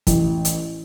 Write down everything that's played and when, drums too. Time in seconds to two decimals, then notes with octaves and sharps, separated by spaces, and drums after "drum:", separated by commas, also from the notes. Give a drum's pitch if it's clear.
0.07 A1, drum: kick, hi-hat
0.45 drum: hi-hat